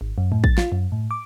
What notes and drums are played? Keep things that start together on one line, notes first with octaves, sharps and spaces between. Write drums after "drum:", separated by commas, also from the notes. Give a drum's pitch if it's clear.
G#1
F#2
A2
A6, drum: kick A1
F4, drum: snare
F#2
A2
D6